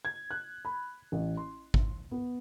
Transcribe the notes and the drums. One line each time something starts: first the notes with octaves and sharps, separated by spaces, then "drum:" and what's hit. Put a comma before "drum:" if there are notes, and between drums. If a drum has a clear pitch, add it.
G#6
F#6
B5
A1
C6
drum: kick G#1
B3